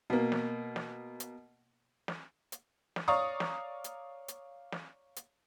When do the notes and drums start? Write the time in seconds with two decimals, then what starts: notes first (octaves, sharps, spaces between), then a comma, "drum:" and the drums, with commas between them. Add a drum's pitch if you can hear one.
0.10 B2 A#3
0.32 drum: snare
0.76 drum: snare
1.20 drum: hi-hat
2.08 drum: snare
2.52 drum: hi-hat
2.96 drum: snare
3.08 C#5 D5 F5 A#5 C#6 D#6
3.40 drum: snare
3.84 drum: hi-hat
4.28 drum: hi-hat
4.72 drum: snare
5.16 drum: hi-hat